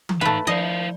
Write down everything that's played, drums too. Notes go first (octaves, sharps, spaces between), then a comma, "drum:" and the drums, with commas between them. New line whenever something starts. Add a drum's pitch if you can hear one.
drum: tom E3
A3 D#4 B4 F5
F3 E4 C5 D5 D#5 F5